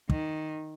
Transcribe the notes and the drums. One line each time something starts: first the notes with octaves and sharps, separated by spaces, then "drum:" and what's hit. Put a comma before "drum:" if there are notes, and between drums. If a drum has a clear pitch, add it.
D#3, drum: kick